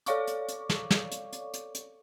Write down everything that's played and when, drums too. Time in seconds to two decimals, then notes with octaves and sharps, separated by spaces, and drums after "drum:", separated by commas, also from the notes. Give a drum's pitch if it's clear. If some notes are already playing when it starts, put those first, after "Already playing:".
0.06 A4 C#5 D5 F5 C#6 D6, drum: hi-hat
0.27 drum: hi-hat
0.48 drum: hi-hat
0.69 drum: snare
0.91 drum: snare
1.12 drum: hi-hat
1.33 drum: hi-hat
1.54 drum: hi-hat
1.75 drum: hi-hat